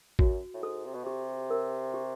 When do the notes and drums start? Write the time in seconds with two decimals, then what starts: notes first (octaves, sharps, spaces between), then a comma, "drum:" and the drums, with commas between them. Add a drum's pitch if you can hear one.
0.19 F#2 F#4, drum: kick
0.54 A2
0.63 G#2 A4
0.85 C3
0.94 B2
1.04 C3 G4
1.50 A#4
1.94 G4